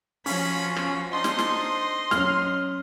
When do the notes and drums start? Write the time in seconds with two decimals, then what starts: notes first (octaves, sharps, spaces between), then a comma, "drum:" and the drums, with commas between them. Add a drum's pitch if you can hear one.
0.26 F3 C#4 F4 F#4 B5, drum: open hi-hat
0.76 drum: rim click
1.13 D4 D#4 C5 D#5 C6
1.24 drum: snare
1.39 drum: snare
2.11 F#3 C#4 F6, drum: snare